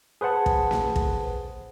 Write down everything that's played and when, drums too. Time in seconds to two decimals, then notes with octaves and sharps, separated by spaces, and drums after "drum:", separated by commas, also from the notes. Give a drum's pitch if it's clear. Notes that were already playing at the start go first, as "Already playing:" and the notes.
0.21 G#4 B4 C5 F#5 A5
0.46 drum: kick
0.71 drum: snare
0.96 drum: kick